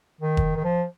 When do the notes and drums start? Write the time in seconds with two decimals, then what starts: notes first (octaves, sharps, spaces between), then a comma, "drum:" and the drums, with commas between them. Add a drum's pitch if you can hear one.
0.21 D#3
0.37 drum: kick
0.56 D#3
0.64 F3